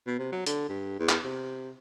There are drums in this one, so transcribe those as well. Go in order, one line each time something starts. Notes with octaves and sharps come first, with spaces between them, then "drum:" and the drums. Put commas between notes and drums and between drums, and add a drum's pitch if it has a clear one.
B2
C3
F#3
D3, drum: hi-hat
G2
E2
drum: clap
C3